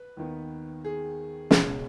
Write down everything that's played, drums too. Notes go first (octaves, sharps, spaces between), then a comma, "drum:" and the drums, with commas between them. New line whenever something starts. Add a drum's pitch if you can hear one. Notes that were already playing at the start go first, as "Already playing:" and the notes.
Already playing: B4
D#2 D#3 B3
G#4
C#2 B2 G#3 C#4, drum: snare